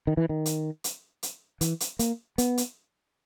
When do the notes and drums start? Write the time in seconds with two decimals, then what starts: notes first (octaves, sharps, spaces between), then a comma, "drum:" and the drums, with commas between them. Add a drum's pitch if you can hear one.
0.07 D#3
0.17 E3
0.29 D#3
0.46 drum: hi-hat
0.84 drum: hi-hat
1.23 drum: hi-hat
1.61 E3, drum: hi-hat
1.80 drum: hi-hat
1.99 A#3, drum: hi-hat
2.38 B3, drum: hi-hat
2.58 drum: hi-hat